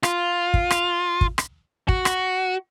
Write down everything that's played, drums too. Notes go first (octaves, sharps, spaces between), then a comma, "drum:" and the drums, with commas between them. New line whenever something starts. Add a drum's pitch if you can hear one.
F4, drum: rim click
drum: kick
drum: rim click
drum: kick
drum: rim click
F#4, drum: kick
drum: rim click